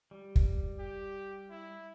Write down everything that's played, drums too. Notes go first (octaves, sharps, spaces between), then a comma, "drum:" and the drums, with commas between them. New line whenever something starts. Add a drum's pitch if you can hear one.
G3
drum: kick
G4
E4